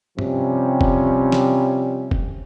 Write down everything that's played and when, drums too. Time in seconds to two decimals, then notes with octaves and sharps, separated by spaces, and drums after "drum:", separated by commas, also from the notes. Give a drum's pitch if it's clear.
0.19 C3 F3 G3 C#4, drum: tom
0.81 drum: kick
1.32 drum: snare
2.11 drum: kick